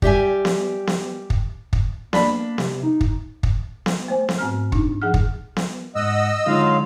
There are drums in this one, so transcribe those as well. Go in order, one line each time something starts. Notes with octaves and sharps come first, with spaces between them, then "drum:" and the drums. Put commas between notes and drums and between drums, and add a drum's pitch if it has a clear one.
G3 G4 E5 G#5, drum: kick
drum: snare B3
drum: snare B3
drum: kick
drum: kick
A#3 D4 B5, drum: snare B3
C3, drum: snare B3
D#4
drum: kick
drum: kick
drum: snare B3
A3 C5 G#5
drum: snare B3
G#2 C4 F6
D4 D#4, drum: kick
F3 G#4 F#5 F6
drum: kick
drum: snare B3
G#2 D#5 F#5 E6
D3 F#3 G#3 D#4 F4 F5